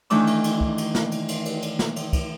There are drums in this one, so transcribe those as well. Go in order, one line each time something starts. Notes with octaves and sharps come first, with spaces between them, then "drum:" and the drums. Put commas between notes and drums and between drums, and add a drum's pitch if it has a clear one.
D#3 E3 A3 D4 D6 E6, drum: cymbal
drum: cymbal
drum: cymbal
drum: kick
drum: cymbal
drum: snare
drum: cymbal
drum: cymbal
drum: cymbal
drum: cymbal
drum: snare
drum: cymbal
drum: kick, cymbal